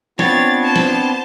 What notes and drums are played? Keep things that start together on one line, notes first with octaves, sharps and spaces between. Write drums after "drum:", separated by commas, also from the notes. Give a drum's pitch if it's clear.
B3 C4 D4 F4 C#5 A6, drum: snare
C5 A5
drum: snare